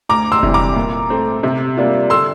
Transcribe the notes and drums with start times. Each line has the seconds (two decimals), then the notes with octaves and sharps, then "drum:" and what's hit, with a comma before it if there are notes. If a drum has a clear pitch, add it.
0.09 D2 A#5 D6
0.32 C6 E6
0.43 C3 E3 G3, drum: kick F1
0.54 A#5 D6
0.76 A#2
1.10 A3 C4
1.43 C3
1.77 G3 A#3 D4 F4
2.10 D3 C6 E6